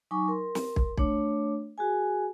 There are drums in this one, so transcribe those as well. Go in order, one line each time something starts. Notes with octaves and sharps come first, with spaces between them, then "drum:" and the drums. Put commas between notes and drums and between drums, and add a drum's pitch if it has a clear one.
F#3 D#4 G#5 C#6 D6
A#4 C6
drum: snare
drum: kick
A3 D4 C#5 D6, drum: kick
F#4 G#4 G#5